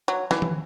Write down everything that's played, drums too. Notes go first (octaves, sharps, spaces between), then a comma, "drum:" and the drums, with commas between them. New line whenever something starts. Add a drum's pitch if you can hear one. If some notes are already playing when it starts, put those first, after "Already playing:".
F#3
E3, drum: snare
drum: tom D#3